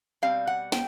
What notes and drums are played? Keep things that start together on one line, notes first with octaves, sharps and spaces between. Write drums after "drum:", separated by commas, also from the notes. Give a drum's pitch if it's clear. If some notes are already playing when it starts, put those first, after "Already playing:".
B2 G3 C4 F5
F#5
G5, drum: snare